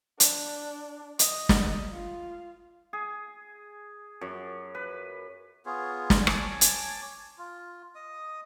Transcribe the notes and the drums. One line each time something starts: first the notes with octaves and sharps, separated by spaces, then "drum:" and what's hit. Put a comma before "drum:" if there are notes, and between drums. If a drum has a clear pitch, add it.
D4, drum: hi-hat
D#5, drum: hi-hat
drum: snare
F4
G#4
F#2
B4
B3 F4 G#4 C#5
drum: snare
C#5 G#5 A5 D6, drum: rim click
drum: hi-hat
F4
D#5 D#6